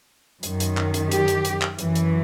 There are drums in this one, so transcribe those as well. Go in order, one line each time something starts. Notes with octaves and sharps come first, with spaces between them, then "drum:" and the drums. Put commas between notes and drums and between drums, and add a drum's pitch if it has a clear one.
F#2 D#3, drum: hi-hat
drum: hi-hat
drum: clap
drum: hi-hat
G4, drum: hi-hat
drum: hi-hat
drum: hi-hat
drum: clap
F#2 E3, drum: hi-hat
drum: hi-hat